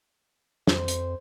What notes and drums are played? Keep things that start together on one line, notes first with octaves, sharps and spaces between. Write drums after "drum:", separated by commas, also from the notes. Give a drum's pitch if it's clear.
F2 C5, drum: snare
drum: hi-hat